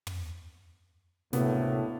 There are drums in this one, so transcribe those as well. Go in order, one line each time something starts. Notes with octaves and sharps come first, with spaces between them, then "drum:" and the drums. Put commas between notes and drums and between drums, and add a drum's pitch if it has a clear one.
drum: tom
D2 A2 C3 A#3 B3, drum: snare